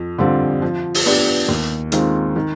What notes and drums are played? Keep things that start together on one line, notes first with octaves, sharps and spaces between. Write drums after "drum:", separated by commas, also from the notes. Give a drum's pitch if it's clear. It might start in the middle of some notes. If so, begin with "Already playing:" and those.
Already playing: F2
D3 G3 C4 F4
F3
drum: open hi-hat
B3 D4 G4
D#2
D#3 G#3 C4 F4, drum: hi-hat
D#3